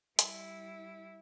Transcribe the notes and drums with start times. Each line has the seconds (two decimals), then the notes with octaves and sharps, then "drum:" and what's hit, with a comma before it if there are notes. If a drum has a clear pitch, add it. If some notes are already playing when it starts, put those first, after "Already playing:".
0.19 G3 E4, drum: hi-hat